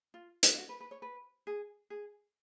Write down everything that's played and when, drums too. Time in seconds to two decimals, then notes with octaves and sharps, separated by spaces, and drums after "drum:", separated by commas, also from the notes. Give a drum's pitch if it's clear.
0.14 F4
0.43 drum: hi-hat
0.53 F4
0.58 F#4
0.69 B4
0.80 B4
0.91 C#5
1.02 B4
1.47 G#4
1.90 G#4